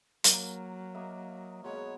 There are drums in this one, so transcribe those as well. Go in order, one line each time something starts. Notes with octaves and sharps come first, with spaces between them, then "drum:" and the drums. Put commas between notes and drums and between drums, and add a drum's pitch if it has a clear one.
F#3 A#3 A#4, drum: hi-hat
A#3 D#5 E5
B2 F#3 G#3 C#5